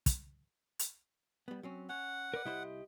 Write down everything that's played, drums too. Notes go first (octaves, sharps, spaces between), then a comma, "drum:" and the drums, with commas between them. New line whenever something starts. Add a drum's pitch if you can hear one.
drum: kick, hi-hat
drum: hi-hat
G3 B3
F#3 C4 C#4
C#4 F#5
A#4 B4 D5
C2 E4 G4 C5 D#5